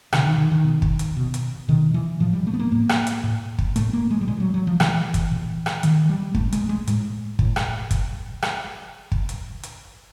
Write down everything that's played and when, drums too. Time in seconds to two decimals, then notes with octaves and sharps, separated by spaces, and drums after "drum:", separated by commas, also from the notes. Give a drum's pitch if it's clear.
0.12 B2 D3, drum: rim click
0.26 D#3
0.38 D#3
0.52 D#3
0.64 B2
0.82 drum: kick
0.99 drum: hi-hat
1.17 B2
1.34 drum: hi-hat
1.68 B2 D#3
1.94 E3
2.20 A2 F3
2.33 G3
2.47 A3
2.53 B3
2.59 A#3
2.72 A2 A#3
2.89 drum: rim click
3.07 drum: hi-hat
3.23 A2
3.58 drum: kick
3.76 A2 A3, drum: hi-hat
3.93 A#3
4.11 G#3
4.21 G3
4.28 A#2 G#3
4.40 F#3
4.54 F#3
4.67 F3
4.80 A#2 E3, drum: rim click
5.14 drum: kick, hi-hat
5.31 A#2
5.66 drum: rim click
5.83 A#2 D#3, drum: hi-hat
6.09 G3
6.35 A2 A3, drum: kick
6.52 G#3, drum: hi-hat
6.69 G#3
6.87 A2, drum: hi-hat
7.39 A2, drum: kick
7.56 drum: rim click
7.91 drum: kick, hi-hat
8.42 drum: rim click
9.12 drum: kick
9.29 drum: hi-hat
9.63 drum: hi-hat